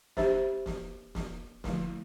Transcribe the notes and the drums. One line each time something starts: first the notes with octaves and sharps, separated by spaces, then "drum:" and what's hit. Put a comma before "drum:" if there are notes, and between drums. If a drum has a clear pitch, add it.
D4 G4 C5 E5, drum: snare
drum: snare
drum: snare
D3 F3 A3 E4, drum: snare